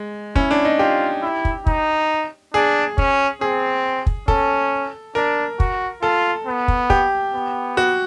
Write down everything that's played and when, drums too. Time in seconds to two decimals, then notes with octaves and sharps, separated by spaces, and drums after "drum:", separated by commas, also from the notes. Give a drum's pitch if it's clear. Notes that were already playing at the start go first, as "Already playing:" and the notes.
Already playing: G#3
0.36 C#4 E4, drum: kick
0.51 D4
0.65 D#4
0.79 F4 G4
1.22 E4
1.45 drum: kick
1.66 D#4, drum: kick
2.54 D4 G#4
2.98 C#4, drum: kick
3.41 C4 G#4
4.06 drum: kick
4.28 C#4 A4, drum: kick
5.15 D4 A#4
5.60 F#4, drum: kick
6.02 F4 A4
6.47 B3
6.68 drum: kick
6.90 G4, drum: kick
7.33 B3
7.77 F#4